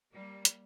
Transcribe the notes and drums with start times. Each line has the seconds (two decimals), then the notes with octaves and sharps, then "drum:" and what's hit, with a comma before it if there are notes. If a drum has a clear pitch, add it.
0.12 G3 A#3
0.45 drum: hi-hat